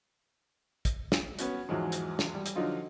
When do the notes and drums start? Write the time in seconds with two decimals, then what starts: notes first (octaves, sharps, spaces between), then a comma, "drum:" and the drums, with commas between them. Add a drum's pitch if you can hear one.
0.85 drum: kick, hi-hat
1.12 drum: snare
1.39 B3 C#4 F#4, drum: hi-hat
1.69 E2 G#2 F3 F#3 G#3
1.92 drum: hi-hat
2.19 drum: snare
2.34 G3
2.46 drum: hi-hat
2.56 D3 F3 F#3 D#4 F4